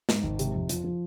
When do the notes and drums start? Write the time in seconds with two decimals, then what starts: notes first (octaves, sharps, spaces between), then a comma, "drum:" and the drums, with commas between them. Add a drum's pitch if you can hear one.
0.09 G#2, drum: snare
0.23 G#1
0.39 C3, drum: hi-hat
0.55 F2
0.69 F3, drum: hi-hat
0.84 F3